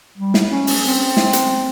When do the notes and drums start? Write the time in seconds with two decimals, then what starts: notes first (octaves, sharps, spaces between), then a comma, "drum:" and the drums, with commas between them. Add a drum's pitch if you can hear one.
0.18 G3
0.34 drum: snare
0.50 C#4
0.67 drum: open hi-hat
0.84 C4
1.17 drum: snare
1.33 drum: hi-hat